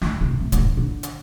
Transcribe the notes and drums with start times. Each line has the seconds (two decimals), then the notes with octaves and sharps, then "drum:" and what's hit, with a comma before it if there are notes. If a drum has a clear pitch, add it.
0.01 D3, drum: snare
0.21 C3
0.40 C3
0.52 C3, drum: kick, hi-hat
0.58 B2
0.77 D3
1.03 drum: hi-hat